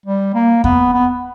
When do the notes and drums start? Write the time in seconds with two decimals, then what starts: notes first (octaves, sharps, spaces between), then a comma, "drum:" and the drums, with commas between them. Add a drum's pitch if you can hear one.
0.06 G3
0.34 A#3
0.64 B3, drum: kick E2
0.93 B3